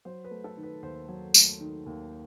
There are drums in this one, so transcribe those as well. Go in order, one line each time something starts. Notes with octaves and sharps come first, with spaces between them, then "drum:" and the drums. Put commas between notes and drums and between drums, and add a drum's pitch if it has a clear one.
F#3 C5
B4
A3
A4
D#3
B4
D#2 C5
F#3
A3, drum: tambourine
D#3
D#2